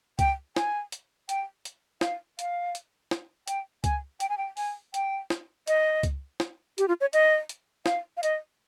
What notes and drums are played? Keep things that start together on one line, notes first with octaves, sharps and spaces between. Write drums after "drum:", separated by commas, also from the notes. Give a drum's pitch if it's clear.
G5, drum: kick C#2, hi-hat
G#5, drum: snare
drum: hi-hat
G5, drum: hi-hat
drum: hi-hat
F5, drum: snare
F5, drum: hi-hat
drum: hi-hat
drum: snare
G5, drum: hi-hat
G#5, drum: kick C#2, hi-hat
G5, drum: hi-hat
G#5
G5
G#5, drum: open hi-hat
G5, drum: hi-hat
drum: snare
D#5, drum: hi-hat
drum: kick C#2, hi-hat
drum: snare
G4, drum: hi-hat
F4
C#5
D#5, drum: hi-hat
drum: hi-hat
F5, drum: snare
F5
D#5, drum: hi-hat